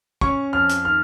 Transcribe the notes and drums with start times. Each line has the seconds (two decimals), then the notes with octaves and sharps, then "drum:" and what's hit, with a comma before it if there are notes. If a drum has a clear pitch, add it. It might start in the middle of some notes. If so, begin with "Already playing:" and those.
0.21 C#4 C#6, drum: kick
0.53 F2 F6
0.69 drum: hi-hat
0.84 D#3 F6